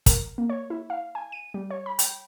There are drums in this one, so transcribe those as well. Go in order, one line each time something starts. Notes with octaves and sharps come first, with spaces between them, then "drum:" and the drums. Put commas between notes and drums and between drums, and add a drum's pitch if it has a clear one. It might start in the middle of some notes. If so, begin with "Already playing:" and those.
A#4, drum: kick, hi-hat
A#3
C#5
E4
F5
G#5
D#7
G3
C#5
B5
G5, drum: hi-hat